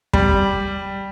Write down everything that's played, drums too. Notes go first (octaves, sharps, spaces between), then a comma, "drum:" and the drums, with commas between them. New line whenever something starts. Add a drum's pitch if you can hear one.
G3, drum: kick